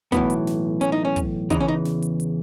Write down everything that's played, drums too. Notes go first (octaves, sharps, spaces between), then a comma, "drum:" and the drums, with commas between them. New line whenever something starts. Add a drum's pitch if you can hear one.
B1 A2 E3 B3, drum: kick, hi-hat
drum: hi-hat
drum: snare
C#4, drum: hi-hat
D#4
C#4
drum: kick, hi-hat
E2 C#3 E3 D#4, drum: kick, hi-hat
C#4
D#4
drum: snare
drum: hi-hat
drum: hi-hat